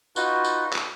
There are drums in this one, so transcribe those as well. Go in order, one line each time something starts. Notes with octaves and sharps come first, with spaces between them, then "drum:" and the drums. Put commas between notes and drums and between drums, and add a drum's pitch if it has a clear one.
D#4 F4 F#4 B4, drum: tambourine
drum: tambourine
drum: clap